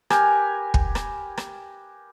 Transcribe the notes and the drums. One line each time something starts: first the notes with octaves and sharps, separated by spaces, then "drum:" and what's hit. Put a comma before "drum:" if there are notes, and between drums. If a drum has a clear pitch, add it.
G4 A#4 B4 G#5, drum: rim click
drum: kick
drum: rim click
drum: rim click